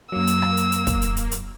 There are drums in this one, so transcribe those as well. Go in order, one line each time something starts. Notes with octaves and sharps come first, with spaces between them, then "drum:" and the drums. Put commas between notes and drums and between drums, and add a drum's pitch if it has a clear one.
F#2 F#3 A#3 E6
drum: hi-hat
drum: rim click
drum: hi-hat
drum: hi-hat
drum: kick, hi-hat
drum: hi-hat
drum: hi-hat
drum: hi-hat